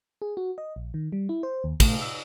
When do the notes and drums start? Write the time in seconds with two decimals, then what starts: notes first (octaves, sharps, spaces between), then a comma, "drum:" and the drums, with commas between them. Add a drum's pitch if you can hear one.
0.22 G#4
0.37 F#4
0.58 D#5
0.76 A#1
0.94 D#3
1.12 G3
1.29 E4
1.43 C5
1.64 D#2
1.80 A3, drum: kick, cymbal
2.02 E6